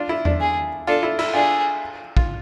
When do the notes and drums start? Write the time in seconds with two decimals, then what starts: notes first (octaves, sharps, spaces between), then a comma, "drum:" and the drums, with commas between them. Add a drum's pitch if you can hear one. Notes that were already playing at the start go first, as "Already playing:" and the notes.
Already playing: D4 F4
0.09 E4
0.25 D4, drum: tom E2
0.41 G#4
0.87 D4 F4 A4
1.03 E4
1.19 E4, drum: cymbal
1.33 D4 F4 G#4
2.17 F4, drum: kick